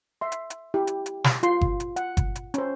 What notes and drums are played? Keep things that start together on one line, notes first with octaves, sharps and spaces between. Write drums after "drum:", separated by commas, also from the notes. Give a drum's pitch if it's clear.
E5 C6
drum: hi-hat
drum: hi-hat
E4 G4
drum: hi-hat
drum: hi-hat
drum: snare
F4 C6, drum: hi-hat
drum: kick G1
drum: hi-hat
F#5, drum: hi-hat
drum: kick G1, hi-hat
drum: hi-hat
C#4 C5, drum: hi-hat